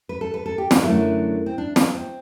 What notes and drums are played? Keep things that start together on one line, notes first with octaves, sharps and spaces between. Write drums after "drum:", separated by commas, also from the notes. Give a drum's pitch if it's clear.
B4
A4
B4
A4
G4
F#4, drum: snare
F#2 D3 F#3 A3 E4
C4
D4
B3, drum: snare
C4